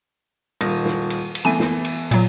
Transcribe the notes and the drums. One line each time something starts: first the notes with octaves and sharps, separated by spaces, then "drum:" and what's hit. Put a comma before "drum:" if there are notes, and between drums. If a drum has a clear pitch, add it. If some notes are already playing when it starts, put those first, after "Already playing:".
D#1 A#4 A#6, drum: cymbal
drum: snare
drum: cymbal
drum: cymbal
E3 A3 B3 G#5
drum: snare
drum: cymbal
A#2 F#3, drum: cymbal